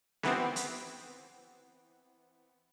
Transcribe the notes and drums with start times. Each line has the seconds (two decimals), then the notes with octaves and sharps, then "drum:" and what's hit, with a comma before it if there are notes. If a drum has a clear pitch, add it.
0.23 E3 B3 C4, drum: snare B3
0.56 drum: hi-hat